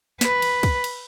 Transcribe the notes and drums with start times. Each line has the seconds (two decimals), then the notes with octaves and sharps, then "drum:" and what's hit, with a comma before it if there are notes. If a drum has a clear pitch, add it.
0.21 B4, drum: snare
0.42 drum: cymbal
0.63 drum: kick, cymbal
0.84 drum: cymbal